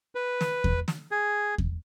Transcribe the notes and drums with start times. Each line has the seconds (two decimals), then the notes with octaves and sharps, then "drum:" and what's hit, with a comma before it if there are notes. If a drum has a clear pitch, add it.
0.15 B4
0.41 drum: snare
0.64 drum: kick E2
0.88 drum: snare
1.11 G#4
1.58 drum: kick E2